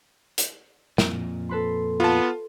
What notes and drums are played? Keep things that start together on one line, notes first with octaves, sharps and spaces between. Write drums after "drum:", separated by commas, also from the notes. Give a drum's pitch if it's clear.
drum: hi-hat
F2 A#2, drum: snare
A4 B4 C6
B3 F4 A5